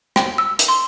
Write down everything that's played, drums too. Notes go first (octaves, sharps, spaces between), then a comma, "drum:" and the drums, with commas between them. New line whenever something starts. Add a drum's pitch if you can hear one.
G5, drum: rim click
E6
drum: hi-hat
C6